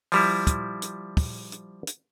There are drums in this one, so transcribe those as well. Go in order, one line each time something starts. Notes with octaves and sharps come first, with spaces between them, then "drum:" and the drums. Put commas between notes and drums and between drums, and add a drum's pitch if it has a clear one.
F3 G3 E4, drum: open hi-hat
drum: kick, hi-hat
drum: hi-hat
drum: kick, open hi-hat
drum: hi-hat
drum: hi-hat